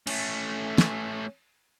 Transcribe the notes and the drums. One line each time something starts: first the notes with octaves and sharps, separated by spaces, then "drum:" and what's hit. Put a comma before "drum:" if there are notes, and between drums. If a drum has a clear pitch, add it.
A3 C#4, drum: cymbal
drum: snare